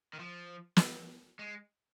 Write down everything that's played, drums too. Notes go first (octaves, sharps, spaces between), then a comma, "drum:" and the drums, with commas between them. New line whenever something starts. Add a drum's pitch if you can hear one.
D#3
F3
drum: snare
G#3